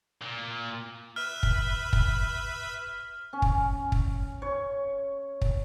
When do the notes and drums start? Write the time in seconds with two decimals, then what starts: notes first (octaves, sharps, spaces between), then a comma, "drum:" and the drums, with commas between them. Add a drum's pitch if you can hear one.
0.21 A#2
1.16 B4 E5 B5 F6
1.43 drum: kick
1.93 drum: kick
3.33 C#4
3.42 drum: kick
3.92 drum: kick
4.42 C#5
5.42 drum: kick